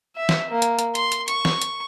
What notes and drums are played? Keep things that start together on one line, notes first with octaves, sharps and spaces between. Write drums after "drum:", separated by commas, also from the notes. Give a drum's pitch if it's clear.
E5
drum: snare
A#3
drum: hi-hat
drum: hi-hat
C6, drum: hi-hat
drum: hi-hat
C#6, drum: hi-hat
drum: snare
drum: hi-hat